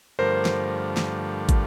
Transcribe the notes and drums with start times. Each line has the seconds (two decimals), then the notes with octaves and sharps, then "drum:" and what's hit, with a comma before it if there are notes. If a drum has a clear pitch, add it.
0.19 G2 D3 F3 A3 A#4 C5
0.45 drum: snare
0.97 drum: snare
1.49 drum: kick, hi-hat